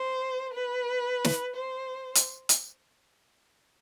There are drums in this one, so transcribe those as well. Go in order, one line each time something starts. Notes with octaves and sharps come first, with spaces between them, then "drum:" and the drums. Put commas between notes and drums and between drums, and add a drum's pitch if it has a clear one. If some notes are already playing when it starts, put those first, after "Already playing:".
Already playing: C5
B4
drum: snare
C5
drum: hi-hat
drum: hi-hat